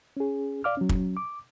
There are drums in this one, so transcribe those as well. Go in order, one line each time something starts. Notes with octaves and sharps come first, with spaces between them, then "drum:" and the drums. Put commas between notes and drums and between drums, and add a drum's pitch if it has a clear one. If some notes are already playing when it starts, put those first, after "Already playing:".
C#4 G#4
D5 F5 D6 F6
F#3 C#4
drum: kick
D6